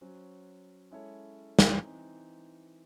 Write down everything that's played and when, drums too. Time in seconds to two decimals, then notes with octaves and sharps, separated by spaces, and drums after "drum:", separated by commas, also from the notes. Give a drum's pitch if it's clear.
0.01 F#3 C#4 F#4 C5
0.91 G#3 C#4 E4 A4 C#5
1.59 drum: snare
1.82 E3 C4 D#4